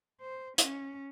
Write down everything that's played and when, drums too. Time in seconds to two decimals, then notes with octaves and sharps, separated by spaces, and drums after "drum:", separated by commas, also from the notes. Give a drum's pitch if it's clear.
0.21 C5
0.58 C#4, drum: hi-hat